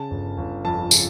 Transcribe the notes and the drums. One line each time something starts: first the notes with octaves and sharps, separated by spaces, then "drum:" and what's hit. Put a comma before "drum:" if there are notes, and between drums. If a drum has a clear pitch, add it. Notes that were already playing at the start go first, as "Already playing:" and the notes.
Already playing: C#3 A5
G1
G1
F2 A5
C#3, drum: tambourine